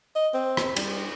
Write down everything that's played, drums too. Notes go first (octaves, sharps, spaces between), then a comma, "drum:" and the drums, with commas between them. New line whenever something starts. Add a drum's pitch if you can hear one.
D#5
C4
drum: rim click
G3, drum: cymbal